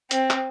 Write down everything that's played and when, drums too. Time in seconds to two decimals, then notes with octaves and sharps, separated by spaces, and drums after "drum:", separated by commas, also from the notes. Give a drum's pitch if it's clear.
0.11 C4, drum: hi-hat
0.30 drum: clap